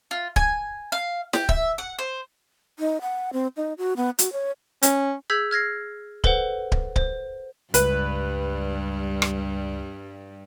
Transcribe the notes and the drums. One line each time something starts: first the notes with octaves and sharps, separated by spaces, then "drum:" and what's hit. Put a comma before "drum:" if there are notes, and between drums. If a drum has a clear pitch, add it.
F4
G#5, drum: kick D1
F5
G4, drum: snare
E5, drum: kick D1
F#5
C5
D#4
F#5
C4
D#4
F#4
B3
F#4, drum: hi-hat
C#5
C#4, drum: hi-hat
G#4 E6 G6 G#6 B6 F#7
F6 G#6 A#6 C7
A4 B4 C5 F#5, drum: kick D1
drum: kick D1
C5, drum: kick D1
C#2 G2 G3 B4, drum: hi-hat
drum: rim click